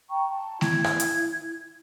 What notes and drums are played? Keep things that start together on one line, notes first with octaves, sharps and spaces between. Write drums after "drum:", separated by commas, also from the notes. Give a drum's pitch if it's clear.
G5 A#5 C#6
A5
E4 G#6, drum: snare A3
drum: rim click
drum: hi-hat